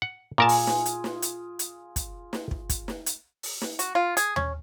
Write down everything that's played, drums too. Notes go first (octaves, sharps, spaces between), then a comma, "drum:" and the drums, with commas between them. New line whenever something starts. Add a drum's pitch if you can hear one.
F#5
A#2 F4 G#4 A#4 G#5 A5
drum: open hi-hat
drum: snare
drum: hi-hat
drum: snare
drum: hi-hat
drum: hi-hat
drum: kick, hi-hat
drum: snare
drum: kick
drum: kick, hi-hat
drum: snare
drum: hi-hat
drum: open hi-hat
drum: snare
F#4, drum: hi-hat
F4
G#4, drum: hi-hat
C#4, drum: tom D#2